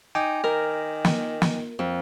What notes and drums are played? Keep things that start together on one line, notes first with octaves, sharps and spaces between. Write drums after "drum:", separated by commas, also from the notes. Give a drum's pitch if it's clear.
D#4 G5 G#5 D6
D#3 A#4
drum: snare
drum: snare
F2